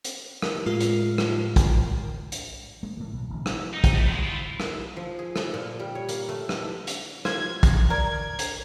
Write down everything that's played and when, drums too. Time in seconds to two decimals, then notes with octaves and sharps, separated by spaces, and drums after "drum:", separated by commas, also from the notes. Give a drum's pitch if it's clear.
0.05 drum: hi-hat
0.42 drum: rim click
0.66 A2 G#3 F4 A#4 F6 C7
0.80 drum: hi-hat
1.18 drum: rim click
1.56 drum: kick, hi-hat
2.32 drum: hi-hat
2.83 G#3 A#3
2.97 A2 E3
3.13 B1
3.29 D1 A1
3.46 drum: rim click
3.74 D#4
3.84 drum: kick, hi-hat
3.94 A3 B3
4.07 B2 G#3
4.23 E4 F4
4.60 drum: rim click
4.97 F3
5.19 G#4
5.36 A4, drum: rim click
5.54 A#2
5.79 G3
5.95 C#5
6.09 A#3, drum: hi-hat
6.29 A3
6.49 drum: rim click
6.87 drum: hi-hat
7.25 F4 G#6, drum: rim click
7.63 drum: kick, hi-hat
7.90 A#4 D5 G#6
8.39 drum: hi-hat